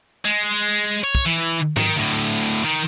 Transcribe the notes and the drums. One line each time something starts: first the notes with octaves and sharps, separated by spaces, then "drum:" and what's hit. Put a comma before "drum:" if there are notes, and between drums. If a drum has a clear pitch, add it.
G#3
C#5
drum: kick
E3
drum: hi-hat
D#3, drum: tom G#2
D2 A2
D#3